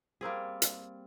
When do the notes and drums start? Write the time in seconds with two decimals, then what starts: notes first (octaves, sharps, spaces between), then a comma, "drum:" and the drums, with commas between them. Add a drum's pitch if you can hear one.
0.21 G3 A#3 C4 G#4
0.62 drum: hi-hat